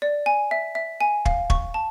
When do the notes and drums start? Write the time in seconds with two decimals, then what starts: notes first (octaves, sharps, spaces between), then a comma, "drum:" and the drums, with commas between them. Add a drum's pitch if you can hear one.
0.02 D5
0.26 G#5
0.51 E5
0.75 E5
1.01 G#5
1.25 F5, drum: kick
1.50 C#6, drum: kick
1.74 A5